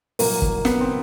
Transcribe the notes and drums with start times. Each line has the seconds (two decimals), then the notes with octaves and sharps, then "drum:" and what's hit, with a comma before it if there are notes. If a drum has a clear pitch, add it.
0.19 C2 A#2 F#3 A#3, drum: open hi-hat
0.42 drum: kick
0.65 B3, drum: snare
0.81 C4